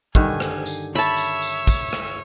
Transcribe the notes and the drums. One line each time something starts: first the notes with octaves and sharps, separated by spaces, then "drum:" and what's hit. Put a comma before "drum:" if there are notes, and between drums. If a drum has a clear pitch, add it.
G2 D3 D#3 G#5, drum: kick
drum: rim click
drum: tambourine
C#5 E5 A5 B5
drum: tambourine
drum: tambourine
drum: kick, tambourine
drum: rim click